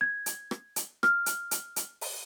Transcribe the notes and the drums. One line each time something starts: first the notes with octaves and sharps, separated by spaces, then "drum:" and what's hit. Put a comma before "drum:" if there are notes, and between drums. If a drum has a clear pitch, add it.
G#6
drum: hi-hat
drum: rim click
drum: hi-hat
F6, drum: rim click
drum: hi-hat
drum: hi-hat
drum: hi-hat
drum: open hi-hat